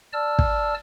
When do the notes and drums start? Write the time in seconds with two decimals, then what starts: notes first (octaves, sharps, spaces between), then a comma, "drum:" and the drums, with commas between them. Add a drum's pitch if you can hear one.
0.13 D5 A5 E6 F6
0.39 drum: kick